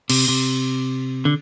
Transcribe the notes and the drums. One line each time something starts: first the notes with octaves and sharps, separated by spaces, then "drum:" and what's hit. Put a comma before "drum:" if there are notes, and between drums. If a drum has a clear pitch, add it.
C3, drum: cymbal
C3
D3